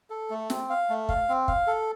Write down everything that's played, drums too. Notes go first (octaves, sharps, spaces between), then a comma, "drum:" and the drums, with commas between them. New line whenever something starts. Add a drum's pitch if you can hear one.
A4
A3
C4, drum: snare
F5
A3
F5, drum: kick
C4
F5, drum: kick
A4